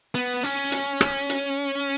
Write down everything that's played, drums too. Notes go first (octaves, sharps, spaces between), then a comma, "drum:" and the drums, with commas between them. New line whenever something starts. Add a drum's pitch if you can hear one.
B3
C#4
drum: hi-hat
drum: rim click
drum: hi-hat